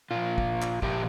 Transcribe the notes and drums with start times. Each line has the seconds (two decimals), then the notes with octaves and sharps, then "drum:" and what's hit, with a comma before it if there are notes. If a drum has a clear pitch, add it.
0.11 A#2 F3 F4
0.38 drum: kick
0.62 drum: clap
0.82 A#2 F3 G4, drum: kick